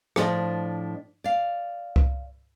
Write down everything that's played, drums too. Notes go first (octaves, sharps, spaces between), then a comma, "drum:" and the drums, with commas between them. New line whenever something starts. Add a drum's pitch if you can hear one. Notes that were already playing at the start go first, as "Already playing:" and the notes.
A2 F3 D4 D5 D#5, drum: rim click
D5 F5
drum: kick C2